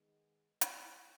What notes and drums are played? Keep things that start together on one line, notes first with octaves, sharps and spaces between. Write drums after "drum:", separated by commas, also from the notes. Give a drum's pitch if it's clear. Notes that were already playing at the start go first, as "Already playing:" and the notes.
Already playing: D#3 G#3 B3
drum: hi-hat